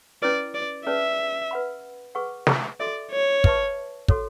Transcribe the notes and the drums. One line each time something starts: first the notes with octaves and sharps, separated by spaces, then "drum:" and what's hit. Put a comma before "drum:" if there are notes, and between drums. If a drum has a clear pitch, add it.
C#4 E4 B4 D5
D5
C#4 G#4 B4 D5 E5 A5
B4 F#5 B5
G#4 B4 F#5 C#6
drum: snare
F#4 A4 D5 E5
C#5
B4 E5 A5 C#6, drum: kick
F#4 A4 C#5, drum: kick